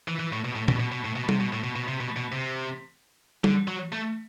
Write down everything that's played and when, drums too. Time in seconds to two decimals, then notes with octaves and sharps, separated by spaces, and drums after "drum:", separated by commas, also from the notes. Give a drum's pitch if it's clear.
0.08 E3
0.20 E3
0.33 A2
0.45 B2
0.56 A2
0.68 B2, drum: tom A#2
0.80 B2
0.92 B2
1.05 A2
1.16 B2
1.29 C3, drum: tom G3
1.40 B2
1.53 A2
1.64 B2
1.76 B2
1.88 C3
2.01 B2
2.17 B2
2.32 C3
3.44 D3, drum: tom G3
3.68 F#3
3.92 A3